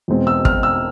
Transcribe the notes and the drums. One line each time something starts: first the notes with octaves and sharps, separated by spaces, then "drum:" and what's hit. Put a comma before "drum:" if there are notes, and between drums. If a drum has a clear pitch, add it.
E2 B2 G#3 C4
E6
F6, drum: kick
E6